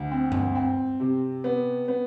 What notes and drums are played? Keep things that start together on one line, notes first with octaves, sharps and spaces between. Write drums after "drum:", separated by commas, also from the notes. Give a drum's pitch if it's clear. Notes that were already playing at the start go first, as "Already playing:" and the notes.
Already playing: D2
C4
drum: tom G2
C4
C3
B3
B3